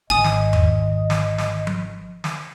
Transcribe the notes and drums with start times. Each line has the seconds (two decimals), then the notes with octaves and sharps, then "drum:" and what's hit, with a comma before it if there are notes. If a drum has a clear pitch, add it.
0.10 G#1 G#2 D#3 D#5 G#5 D#6
0.24 drum: snare
0.53 drum: tom E2
1.10 drum: snare
1.38 drum: snare
1.67 drum: tom F3
2.24 drum: snare